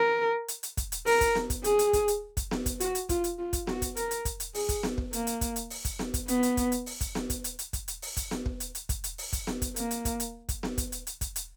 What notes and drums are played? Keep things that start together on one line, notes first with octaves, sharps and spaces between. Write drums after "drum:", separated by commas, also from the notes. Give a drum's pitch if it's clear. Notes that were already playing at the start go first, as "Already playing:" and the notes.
Already playing: A#4
drum: hi-hat
drum: hi-hat
drum: kick, hi-hat
drum: hi-hat
A#4, drum: open hi-hat
drum: kick, hi-hat
drum: snare B3
drum: kick, hi-hat
G#4, drum: hi-hat
drum: hi-hat
drum: kick, hi-hat
drum: hi-hat
drum: kick, hi-hat
drum: snare B3
drum: kick, hi-hat
F#4, drum: hi-hat
drum: hi-hat
F4, drum: kick, hi-hat
drum: hi-hat
F4
drum: kick, hi-hat
F#4, drum: snare B3
drum: kick, hi-hat
A#4, drum: hi-hat
drum: hi-hat
drum: kick, hi-hat
drum: hi-hat
G#4, drum: open hi-hat
drum: kick, hi-hat
drum: snare B3
drum: kick
A#3, drum: hi-hat
drum: hi-hat
drum: kick, hi-hat
drum: hi-hat
drum: open hi-hat
drum: kick, hi-hat
drum: snare B3
drum: kick, hi-hat
B3, drum: hi-hat
drum: hi-hat
drum: kick, hi-hat
drum: hi-hat
drum: open hi-hat
drum: kick, hi-hat
drum: snare B3
drum: kick, hi-hat
drum: hi-hat
drum: hi-hat
drum: kick, hi-hat
drum: hi-hat
drum: open hi-hat
drum: kick, hi-hat
drum: snare B3
drum: kick
drum: hi-hat
drum: hi-hat
drum: kick, hi-hat
drum: hi-hat
drum: open hi-hat
drum: kick, hi-hat
drum: snare B3
drum: kick, hi-hat
A#3, drum: hi-hat
drum: hi-hat
drum: kick, hi-hat
drum: hi-hat
drum: kick, hi-hat
drum: snare B3
drum: kick, hi-hat
drum: hi-hat
drum: hi-hat
drum: kick, hi-hat
drum: hi-hat